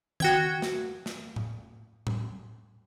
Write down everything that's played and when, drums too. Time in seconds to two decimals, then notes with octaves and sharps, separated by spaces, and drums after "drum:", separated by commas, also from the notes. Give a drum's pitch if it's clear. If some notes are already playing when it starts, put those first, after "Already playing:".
0.20 F#4 G5 G#6, drum: tom D#3
0.62 drum: snare
1.06 drum: snare
1.36 drum: tom A2
2.07 drum: tom A2